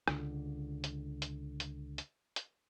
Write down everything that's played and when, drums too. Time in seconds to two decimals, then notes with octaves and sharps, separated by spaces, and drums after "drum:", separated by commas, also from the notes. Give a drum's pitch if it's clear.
0.08 C#2 D3, drum: rim click
0.84 drum: hi-hat
1.22 drum: hi-hat
1.60 drum: hi-hat
1.98 drum: hi-hat
2.36 drum: hi-hat